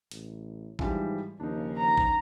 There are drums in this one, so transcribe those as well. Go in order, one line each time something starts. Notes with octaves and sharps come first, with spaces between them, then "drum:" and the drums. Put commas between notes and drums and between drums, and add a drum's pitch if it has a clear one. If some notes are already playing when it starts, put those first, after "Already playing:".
A1, drum: hi-hat
G#2 E3 F3 G3, drum: kick A1
D#2 C#3 F3 D4 D#4
A#5
drum: kick A1